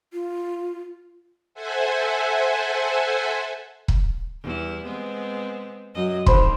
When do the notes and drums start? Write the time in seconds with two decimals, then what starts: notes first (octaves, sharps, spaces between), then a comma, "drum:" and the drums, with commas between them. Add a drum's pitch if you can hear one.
0.13 F4
1.54 A4 C5 E5 F#5 G#5
3.88 drum: kick
4.43 E2 G3 E4
4.84 G#3 B3 C4
5.95 F#2 F#3 D#5
6.26 D3 D#3 C4 C5 B5 C6, drum: kick